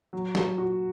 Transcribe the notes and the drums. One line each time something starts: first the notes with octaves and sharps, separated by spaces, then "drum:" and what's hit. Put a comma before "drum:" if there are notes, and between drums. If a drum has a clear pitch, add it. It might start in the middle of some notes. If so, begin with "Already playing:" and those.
F#3
F#3, drum: snare
F#4